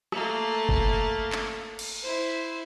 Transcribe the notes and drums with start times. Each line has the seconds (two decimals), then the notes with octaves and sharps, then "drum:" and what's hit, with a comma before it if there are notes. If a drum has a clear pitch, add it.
0.12 A3 A#3, drum: rim click
0.69 drum: kick
1.32 drum: clap
1.79 drum: cymbal
2.02 E4 C5